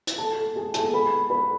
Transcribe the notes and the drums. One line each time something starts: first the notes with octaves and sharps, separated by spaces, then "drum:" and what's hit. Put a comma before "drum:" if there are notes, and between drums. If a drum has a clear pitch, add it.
drum: hi-hat
A4 A5
G#4 G#5
A4 A5, drum: hi-hat
B4 B5
B4 B5